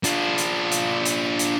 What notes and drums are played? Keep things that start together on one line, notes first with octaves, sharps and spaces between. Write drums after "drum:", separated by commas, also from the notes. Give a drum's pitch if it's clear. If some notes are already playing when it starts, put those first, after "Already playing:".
D4 F4, drum: hi-hat
drum: hi-hat
drum: hi-hat
drum: hi-hat
drum: hi-hat